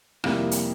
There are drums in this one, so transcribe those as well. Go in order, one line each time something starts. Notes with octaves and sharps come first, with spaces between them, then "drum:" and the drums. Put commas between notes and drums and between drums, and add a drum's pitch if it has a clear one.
F2 C3 G3 A#3 E4, drum: rim click
drum: hi-hat